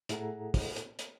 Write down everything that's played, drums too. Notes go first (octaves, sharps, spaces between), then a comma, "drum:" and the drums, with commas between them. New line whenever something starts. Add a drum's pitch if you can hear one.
A2 E4 G#4 A4 F#5 A#5, drum: hi-hat
drum: kick, open hi-hat
drum: hi-hat
drum: hi-hat